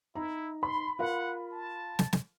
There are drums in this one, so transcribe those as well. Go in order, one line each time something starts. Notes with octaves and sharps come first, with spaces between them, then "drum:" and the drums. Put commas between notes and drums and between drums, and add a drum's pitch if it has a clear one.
D#4 E4 A#5
B5 C6
F4 A#4 F5 F#5
A5
drum: snare
drum: snare